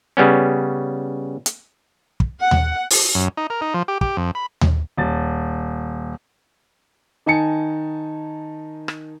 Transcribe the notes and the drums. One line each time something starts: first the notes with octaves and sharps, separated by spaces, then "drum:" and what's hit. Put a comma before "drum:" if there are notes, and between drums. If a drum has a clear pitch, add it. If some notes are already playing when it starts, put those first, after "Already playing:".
C#3 G3 B3 C#4
drum: hi-hat
drum: kick
F#5
drum: tom D#2
drum: open hi-hat
F#2
D#4
A#4
D#4
F3
G4
G4, drum: kick
F2
B5
drum: tom D#2
D#1 A6
D#3 D#4 G#5 A5 C#7
drum: rim click